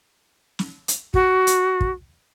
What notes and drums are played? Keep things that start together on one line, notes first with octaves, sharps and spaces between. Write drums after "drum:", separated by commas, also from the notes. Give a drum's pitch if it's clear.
drum: snare
drum: hi-hat
F#4, drum: kick
drum: hi-hat
drum: kick